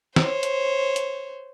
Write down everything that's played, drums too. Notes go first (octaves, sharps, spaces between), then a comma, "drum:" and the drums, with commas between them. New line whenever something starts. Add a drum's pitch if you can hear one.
C5 C#5, drum: snare
drum: hi-hat
drum: hi-hat